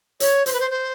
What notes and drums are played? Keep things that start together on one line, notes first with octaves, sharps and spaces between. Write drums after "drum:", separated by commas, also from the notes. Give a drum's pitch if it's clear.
C#5, drum: hi-hat
C5, drum: hi-hat
B4
C5
C5